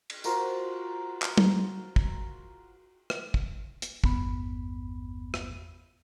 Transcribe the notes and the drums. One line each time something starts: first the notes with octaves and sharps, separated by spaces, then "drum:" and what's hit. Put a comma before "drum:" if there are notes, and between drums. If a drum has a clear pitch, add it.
drum: cymbal
F4 F#4 A#4 C5, drum: tambourine
drum: clap
drum: tom F#3
drum: kick
drum: rim click
drum: kick
drum: hi-hat
G#1 E2 G2 B3 B5, drum: kick
drum: rim click